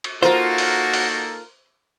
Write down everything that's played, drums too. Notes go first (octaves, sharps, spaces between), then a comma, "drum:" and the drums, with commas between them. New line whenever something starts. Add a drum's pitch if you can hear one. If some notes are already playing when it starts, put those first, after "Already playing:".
drum: cymbal
A#3 D#4 F4 F#4 A4 A#4 C5
drum: open hi-hat
drum: open hi-hat